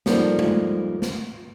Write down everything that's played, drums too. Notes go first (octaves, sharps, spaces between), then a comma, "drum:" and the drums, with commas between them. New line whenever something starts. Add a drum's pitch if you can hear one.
F3 G3 A#3 D#4 A4, drum: snare
drum: tom G#3
drum: snare